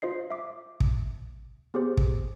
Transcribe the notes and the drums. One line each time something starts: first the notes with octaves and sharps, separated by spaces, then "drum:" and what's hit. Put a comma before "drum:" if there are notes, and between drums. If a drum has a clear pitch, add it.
F4 C5 D#5 C7
E5 D6
drum: kick
B3 G4 G#4 C5
drum: kick